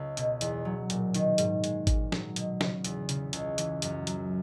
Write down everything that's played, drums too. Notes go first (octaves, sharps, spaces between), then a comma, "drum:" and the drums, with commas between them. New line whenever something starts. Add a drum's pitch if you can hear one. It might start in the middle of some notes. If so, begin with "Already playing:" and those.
Already playing: C#2 C#3
B2, drum: hi-hat
E2, drum: hi-hat
F#3
A#2, drum: hi-hat
D#3, drum: hi-hat
G#2, drum: hi-hat
G#3, drum: hi-hat
A#2, drum: kick G#1, hi-hat
F#3, drum: snare
B2, drum: hi-hat
C#3, drum: snare
E2, drum: hi-hat
C#3, drum: hi-hat
C#2, drum: hi-hat
E3, drum: hi-hat
F#2, drum: hi-hat
F#3, drum: hi-hat